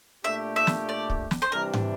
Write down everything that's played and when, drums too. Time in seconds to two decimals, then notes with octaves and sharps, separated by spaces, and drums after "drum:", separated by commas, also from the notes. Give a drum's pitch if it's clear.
0.24 A#2 A3 D4 G4 E5
0.56 E5
0.67 drum: snare
0.89 D5
1.10 drum: kick
1.31 drum: snare
1.42 C5
1.52 C3 E3 G3 D4 A#4
1.73 drum: tom